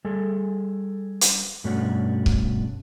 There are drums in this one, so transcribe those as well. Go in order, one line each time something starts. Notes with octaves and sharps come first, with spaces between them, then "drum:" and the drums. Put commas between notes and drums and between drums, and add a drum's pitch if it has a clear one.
G3 G#4 A4
drum: hi-hat
G2 B2 A3 C#4 D4 F#4
drum: kick C#1